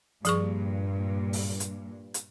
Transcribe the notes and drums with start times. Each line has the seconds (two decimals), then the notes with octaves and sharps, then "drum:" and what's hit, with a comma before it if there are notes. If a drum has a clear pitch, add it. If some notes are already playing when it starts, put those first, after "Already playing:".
0.25 G2 A#2 F3 G#4 C#6, drum: hi-hat
1.33 drum: open hi-hat
1.60 drum: hi-hat
2.14 drum: hi-hat